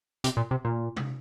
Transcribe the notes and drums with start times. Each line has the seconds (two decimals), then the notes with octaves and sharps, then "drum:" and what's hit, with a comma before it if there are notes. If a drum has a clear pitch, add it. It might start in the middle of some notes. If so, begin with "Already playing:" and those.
0.24 C3, drum: hi-hat
0.37 A#2
0.51 C3
0.65 A#2
0.96 drum: tom C3